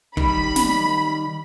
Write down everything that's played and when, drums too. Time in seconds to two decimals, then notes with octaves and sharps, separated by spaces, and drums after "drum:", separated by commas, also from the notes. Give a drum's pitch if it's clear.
0.17 D#3 G3 B5, drum: kick
0.56 drum: snare